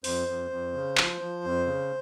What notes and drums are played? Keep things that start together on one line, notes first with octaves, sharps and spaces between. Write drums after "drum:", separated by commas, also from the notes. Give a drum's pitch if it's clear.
F2 C5, drum: open hi-hat
F2
F2
C#3
F3, drum: clap
F3
F2
C#3